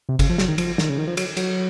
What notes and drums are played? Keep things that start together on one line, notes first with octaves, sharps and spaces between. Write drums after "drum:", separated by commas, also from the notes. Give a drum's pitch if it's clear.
C3
C#3, drum: kick G1, cymbal
F3
F#3, drum: snare
D#3
F3, drum: cymbal
D#3, drum: snare
C#3
D#3
F3
F#3, drum: cymbal
F#3, drum: cymbal